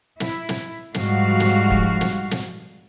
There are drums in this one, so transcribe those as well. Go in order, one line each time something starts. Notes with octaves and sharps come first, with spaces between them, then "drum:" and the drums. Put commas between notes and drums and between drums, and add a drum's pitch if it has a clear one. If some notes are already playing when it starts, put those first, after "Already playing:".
E4, drum: snare
drum: snare
G#2 F3 G3 F#4 F5, drum: snare
drum: snare
drum: kick
drum: snare
drum: snare